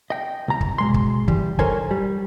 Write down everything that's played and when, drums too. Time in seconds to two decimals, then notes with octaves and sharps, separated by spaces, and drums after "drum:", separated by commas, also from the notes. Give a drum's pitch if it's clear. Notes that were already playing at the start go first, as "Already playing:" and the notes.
0.10 D#5 G5
0.48 C2 A#5
0.61 drum: kick
0.78 B2 G#3 C6
0.94 drum: kick
1.28 E3 G3, drum: kick
1.59 A4 A#4 C5 C#5 G#5, drum: kick
1.91 G3